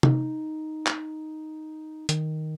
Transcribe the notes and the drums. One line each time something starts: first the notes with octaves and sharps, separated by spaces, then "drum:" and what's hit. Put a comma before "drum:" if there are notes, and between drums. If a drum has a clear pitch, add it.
D#4, drum: tom
drum: clap
D#3, drum: hi-hat